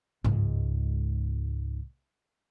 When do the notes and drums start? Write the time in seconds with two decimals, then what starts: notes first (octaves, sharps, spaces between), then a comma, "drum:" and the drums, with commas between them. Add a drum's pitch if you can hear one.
0.24 C#2 G#2, drum: tom G2